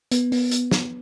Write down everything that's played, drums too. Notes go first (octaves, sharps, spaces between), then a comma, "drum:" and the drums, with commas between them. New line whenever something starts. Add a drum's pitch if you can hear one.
B3, drum: hi-hat
B3, drum: open hi-hat
drum: hi-hat
drum: snare